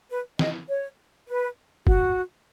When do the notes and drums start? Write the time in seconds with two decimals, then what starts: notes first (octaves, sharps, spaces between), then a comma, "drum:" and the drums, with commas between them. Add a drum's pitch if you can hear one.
0.10 B4
0.39 D#5, drum: snare
0.69 C#5
1.28 B4
1.87 F#4, drum: kick